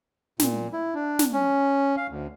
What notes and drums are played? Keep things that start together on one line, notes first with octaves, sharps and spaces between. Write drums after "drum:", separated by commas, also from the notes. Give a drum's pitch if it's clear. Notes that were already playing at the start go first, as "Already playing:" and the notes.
A#2, drum: snare
E4
D4
drum: snare
C#4
F5
D2